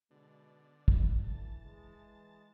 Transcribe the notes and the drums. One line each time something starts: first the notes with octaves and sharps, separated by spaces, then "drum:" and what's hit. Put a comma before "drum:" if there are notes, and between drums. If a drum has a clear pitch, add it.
B2 D3 G#3
G3 E4, drum: kick
D3 E3 A5
G#3
E3